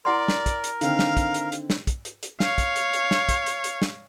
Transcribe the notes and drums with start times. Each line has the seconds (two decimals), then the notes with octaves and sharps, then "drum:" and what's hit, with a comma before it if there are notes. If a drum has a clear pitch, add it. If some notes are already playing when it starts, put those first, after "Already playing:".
0.05 E4 A#4 D5 F#5 C6
0.28 drum: snare
0.46 drum: kick, hi-hat
0.64 drum: hi-hat
0.81 D3 D#3 C4 F5, drum: hi-hat
0.99 drum: snare
1.17 drum: kick, hi-hat
1.34 drum: hi-hat
1.52 drum: hi-hat
1.70 drum: snare
1.87 drum: kick, hi-hat
2.05 drum: hi-hat
2.23 drum: hi-hat
2.40 C#5 F5, drum: snare
2.58 drum: kick, hi-hat
2.76 drum: hi-hat
2.93 drum: hi-hat
3.11 drum: snare
3.29 drum: kick, hi-hat
3.46 drum: hi-hat
3.64 drum: hi-hat
3.82 drum: snare